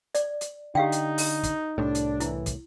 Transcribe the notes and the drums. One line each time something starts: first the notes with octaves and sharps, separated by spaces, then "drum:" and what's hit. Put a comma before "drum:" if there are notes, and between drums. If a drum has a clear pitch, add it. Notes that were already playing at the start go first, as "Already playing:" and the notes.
D5, drum: hi-hat
drum: hi-hat
D3 D#4 G4 F5 G5
drum: hi-hat
drum: open hi-hat
drum: kick, hi-hat
C2 A2 D4
drum: hi-hat
E3 E4, drum: hi-hat
drum: kick, hi-hat